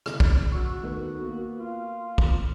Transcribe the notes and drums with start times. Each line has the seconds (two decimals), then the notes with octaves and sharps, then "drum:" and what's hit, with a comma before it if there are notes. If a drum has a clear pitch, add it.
0.06 E2 C#3, drum: rim click
0.20 drum: kick
0.52 F#4 C#6 E6
0.82 D#3 A3 B3
1.18 A#3 B3
1.57 F4
2.18 drum: kick